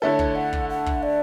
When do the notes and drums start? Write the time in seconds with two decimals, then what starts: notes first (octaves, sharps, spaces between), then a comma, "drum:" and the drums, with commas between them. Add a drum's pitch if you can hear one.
0.02 D3 A3 E4 A4 C#5
0.19 drum: kick
0.36 F#5
0.53 drum: kick
0.69 F#5
0.86 drum: kick
1.03 D5